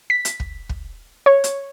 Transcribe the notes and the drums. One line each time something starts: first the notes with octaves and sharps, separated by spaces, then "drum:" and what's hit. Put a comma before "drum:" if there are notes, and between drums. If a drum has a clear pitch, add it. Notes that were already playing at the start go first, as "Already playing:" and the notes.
B6
drum: hi-hat
drum: kick
drum: kick
C#5
drum: hi-hat